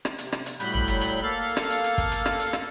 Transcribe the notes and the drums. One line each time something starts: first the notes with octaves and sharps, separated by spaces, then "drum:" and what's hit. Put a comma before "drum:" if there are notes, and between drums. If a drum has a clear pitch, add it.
drum: rim click
C3, drum: hi-hat
drum: rim click
drum: hi-hat
A2 F#3 G3 B5 F#6 G6, drum: hi-hat
drum: tom
drum: hi-hat
drum: hi-hat
A#3 A4 F5
drum: rim click
drum: hi-hat
drum: hi-hat
drum: kick, hi-hat
drum: hi-hat
drum: rim click
drum: hi-hat
drum: rim click